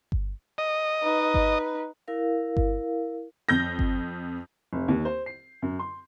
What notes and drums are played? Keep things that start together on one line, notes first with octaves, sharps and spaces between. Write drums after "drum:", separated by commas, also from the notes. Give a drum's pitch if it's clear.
drum: kick G1
D#5
D#4 B4
drum: kick G1
E4 A#4 F5
drum: kick G1
F2 G6 A#6
drum: kick G1
F1
D#2
C5
C7
F#2
C6